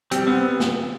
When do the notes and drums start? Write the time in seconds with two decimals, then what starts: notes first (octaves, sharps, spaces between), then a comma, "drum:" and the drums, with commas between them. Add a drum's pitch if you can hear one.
0.11 G3 C4, drum: hi-hat
0.27 B3 C4
0.60 drum: snare